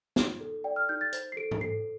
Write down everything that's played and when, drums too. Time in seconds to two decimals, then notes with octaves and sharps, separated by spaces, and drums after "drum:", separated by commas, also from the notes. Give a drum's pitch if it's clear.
0.16 D#4, drum: snare
0.41 A4
0.64 D5 G5
0.76 F6
0.89 D#4 G6
1.01 A6
1.13 C5, drum: hi-hat
1.32 C7
1.37 A4 D7
1.51 drum: tom G#2
1.61 A4 C7